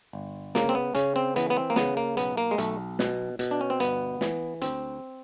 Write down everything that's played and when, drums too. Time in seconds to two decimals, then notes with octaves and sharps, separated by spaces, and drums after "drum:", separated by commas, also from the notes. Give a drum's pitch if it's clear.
0.13 G1
0.55 C#3 A#3, drum: snare
0.69 C4
0.75 B3
0.95 C#3 C#4, drum: hi-hat
1.16 C4
1.36 E3 B3, drum: hi-hat
1.50 B3
1.57 C4
1.70 A#3
1.76 C#3 B3, drum: snare
1.97 A#3
2.17 B1 B3, drum: hi-hat
2.37 A#3
2.51 G#3
2.58 B1 A3, drum: hi-hat
2.99 B2, drum: snare
3.39 B2, drum: hi-hat
3.51 D4
3.61 C#4
3.70 C4
3.80 G1 B3, drum: hi-hat
4.21 E3, drum: snare
4.62 D2 C4, drum: hi-hat